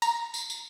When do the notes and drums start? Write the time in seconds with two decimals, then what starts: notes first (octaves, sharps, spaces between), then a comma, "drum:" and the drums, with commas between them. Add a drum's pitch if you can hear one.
0.02 A#5, drum: tambourine
0.34 drum: tambourine
0.50 drum: tambourine